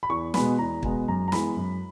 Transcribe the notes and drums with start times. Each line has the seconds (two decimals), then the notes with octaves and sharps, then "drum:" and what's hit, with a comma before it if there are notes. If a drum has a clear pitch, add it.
0.03 B5
0.10 E2 C#6
0.34 B2 G#3 B3 B5, drum: snare
0.59 E2 A#5
0.83 B2 G#3 B3, drum: kick
1.08 F#2 A#5
1.28 A#5
1.32 E3 G#3 B3 B5, drum: snare
1.57 F#2